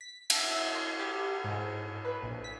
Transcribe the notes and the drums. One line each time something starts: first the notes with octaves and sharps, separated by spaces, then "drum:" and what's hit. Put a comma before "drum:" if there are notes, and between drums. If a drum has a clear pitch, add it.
B6
E5, drum: cymbal
C6
G4
G#2
B4
A#1
B6